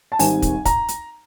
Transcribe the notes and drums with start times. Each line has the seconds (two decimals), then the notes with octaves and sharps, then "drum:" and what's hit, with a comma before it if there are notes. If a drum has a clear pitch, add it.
0.12 A5
0.19 G#1 G#2 D#3 G3 C4 G#5, drum: open hi-hat
0.42 drum: kick, hi-hat
0.65 A#5, drum: kick, hi-hat
0.88 drum: hi-hat